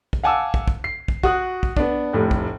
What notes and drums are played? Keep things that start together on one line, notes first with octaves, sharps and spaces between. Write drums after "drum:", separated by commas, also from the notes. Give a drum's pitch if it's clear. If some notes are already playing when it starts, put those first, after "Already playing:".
drum: kick
F5 F#5 G#5 A5 D6 E6
drum: kick
drum: kick
C7
drum: kick
F#4 D#6 F#6, drum: kick
drum: kick
B3 D4, drum: kick
F1 A2
drum: kick